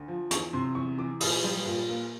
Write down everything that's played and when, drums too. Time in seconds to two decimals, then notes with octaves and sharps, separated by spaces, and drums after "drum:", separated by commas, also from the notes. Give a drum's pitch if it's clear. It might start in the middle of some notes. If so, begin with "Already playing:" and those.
Already playing: D2
0.08 F3
0.31 E2 C#6, drum: hi-hat
0.53 C3 C6
0.75 E2 C#6
0.98 E3 D6
1.20 A#2 D#6, drum: open hi-hat
1.44 G3
1.66 A#2
1.89 A#3